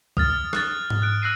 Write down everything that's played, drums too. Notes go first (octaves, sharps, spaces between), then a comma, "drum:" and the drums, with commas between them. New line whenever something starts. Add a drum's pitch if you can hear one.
D#6 F6 A6, drum: kick B1
F#6 A6, drum: rim click
drum: tom G#2
F#6 D7
E6 F#6 A#6 C7 D#7